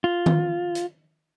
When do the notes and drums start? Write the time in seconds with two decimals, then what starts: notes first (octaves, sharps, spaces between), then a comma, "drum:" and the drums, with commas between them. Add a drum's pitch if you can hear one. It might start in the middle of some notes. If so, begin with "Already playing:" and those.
0.04 F4
0.26 drum: tom D#3
0.75 drum: hi-hat